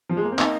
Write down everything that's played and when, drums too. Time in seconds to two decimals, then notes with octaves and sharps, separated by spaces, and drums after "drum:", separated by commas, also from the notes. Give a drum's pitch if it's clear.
0.09 F3
0.17 G#3
0.24 A#3
0.32 C4
0.39 A#3 D#4 D#5, drum: clap